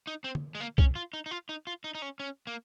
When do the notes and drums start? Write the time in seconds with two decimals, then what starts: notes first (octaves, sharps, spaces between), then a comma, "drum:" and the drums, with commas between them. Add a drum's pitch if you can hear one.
0.07 D#4
0.24 C4
0.35 drum: tom
0.55 G#3
0.60 A#3
0.78 C#4, drum: kick C2
0.95 F4
1.13 D#4
1.26 D#4
1.31 F4
1.49 D#4
1.67 F4
1.84 D#4
1.95 D#4
2.02 C#4
2.20 C#4
2.47 A#3